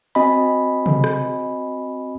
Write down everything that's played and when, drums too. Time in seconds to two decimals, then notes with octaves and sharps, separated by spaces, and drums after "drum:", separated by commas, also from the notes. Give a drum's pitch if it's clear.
0.15 C4 F#4 D#5 G#5 B5, drum: hi-hat
0.86 drum: tom C3
1.04 drum: rim click